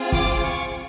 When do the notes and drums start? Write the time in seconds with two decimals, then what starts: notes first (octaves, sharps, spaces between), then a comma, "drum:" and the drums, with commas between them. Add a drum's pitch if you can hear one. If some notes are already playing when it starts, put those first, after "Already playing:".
Already playing: C4 F4 G#4
0.12 D6, drum: kick
0.44 C#6